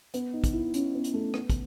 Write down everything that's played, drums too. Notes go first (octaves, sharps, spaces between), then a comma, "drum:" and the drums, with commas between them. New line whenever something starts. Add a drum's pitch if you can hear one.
B3, drum: hi-hat
D#4
drum: kick, hi-hat
E4
C#4, drum: hi-hat
B3
drum: hi-hat
A3
B3, drum: rim click
drum: kick, hi-hat